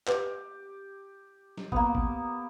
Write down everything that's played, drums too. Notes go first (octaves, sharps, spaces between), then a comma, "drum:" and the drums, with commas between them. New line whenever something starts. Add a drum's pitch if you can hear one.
G4 B4, drum: clap
drum: snare
A#3 B3, drum: kick
drum: kick